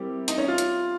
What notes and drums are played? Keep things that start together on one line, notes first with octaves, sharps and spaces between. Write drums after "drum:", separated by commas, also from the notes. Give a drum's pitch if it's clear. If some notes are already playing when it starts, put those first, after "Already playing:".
Already playing: G3 C4 E4 G4 A#4
D#4, drum: hi-hat
C#4
F4
drum: hi-hat